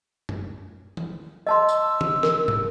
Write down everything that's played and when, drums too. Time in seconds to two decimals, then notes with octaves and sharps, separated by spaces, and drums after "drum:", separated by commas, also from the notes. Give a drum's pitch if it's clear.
0.29 drum: tom F#2
0.97 drum: tom
1.47 D#5 A5 C6 E6
1.69 drum: tambourine
2.01 drum: tom
2.23 A#4, drum: snare
2.48 drum: tom